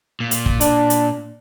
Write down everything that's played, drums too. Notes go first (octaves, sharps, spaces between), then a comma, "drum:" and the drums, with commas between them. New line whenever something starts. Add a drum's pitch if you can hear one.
A#2
drum: hi-hat
drum: kick
D4, drum: hi-hat
drum: hi-hat